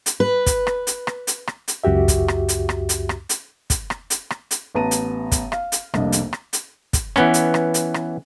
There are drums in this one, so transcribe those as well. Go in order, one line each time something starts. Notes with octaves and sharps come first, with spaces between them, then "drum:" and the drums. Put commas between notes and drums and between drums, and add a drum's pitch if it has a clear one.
drum: hi-hat
B4
drum: kick, hi-hat
drum: rim click
drum: hi-hat
drum: rim click
drum: hi-hat
drum: rim click
drum: hi-hat
C#2 F#2 F#4 G4 E5
drum: kick, hi-hat
drum: rim click
drum: hi-hat
drum: rim click
drum: hi-hat
drum: rim click
drum: hi-hat
drum: kick, hi-hat
drum: rim click
drum: hi-hat
drum: rim click
drum: hi-hat
A1 B3 B4 A5 A#5 D#7
drum: hi-hat
drum: kick, hi-hat
F5, drum: rim click
drum: hi-hat
F1 C2 A#3 D4 D#5, drum: rim click
drum: hi-hat
drum: rim click
drum: hi-hat
drum: kick, hi-hat
E3 B3 C#4, drum: rim click
drum: hi-hat
drum: rim click
drum: hi-hat
drum: rim click